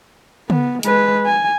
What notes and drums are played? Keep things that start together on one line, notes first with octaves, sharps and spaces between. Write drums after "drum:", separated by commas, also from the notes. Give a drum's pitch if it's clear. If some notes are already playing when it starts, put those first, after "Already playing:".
B3, drum: tom C#3
G#3 B4, drum: hi-hat
G#5